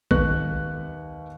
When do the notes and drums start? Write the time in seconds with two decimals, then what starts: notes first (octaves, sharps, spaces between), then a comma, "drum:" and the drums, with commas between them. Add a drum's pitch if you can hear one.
0.11 D#2 B4 C#6 F#6, drum: kick